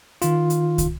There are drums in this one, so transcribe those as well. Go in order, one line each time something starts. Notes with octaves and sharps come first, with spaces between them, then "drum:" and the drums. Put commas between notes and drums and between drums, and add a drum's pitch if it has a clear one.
D#3 F4, drum: hi-hat
drum: hi-hat
drum: kick, hi-hat